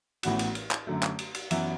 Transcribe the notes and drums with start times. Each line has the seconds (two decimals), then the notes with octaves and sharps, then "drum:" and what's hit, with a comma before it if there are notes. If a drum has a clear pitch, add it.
0.23 A1 A2 E3 B3 F#4, drum: cymbal
0.39 drum: cymbal
0.55 drum: cymbal
0.71 drum: clap
0.87 F#2 D3 F#3 A3
1.03 drum: clap
1.19 drum: cymbal
1.34 drum: cymbal
1.51 F#2 E3 B3 E4, drum: cymbal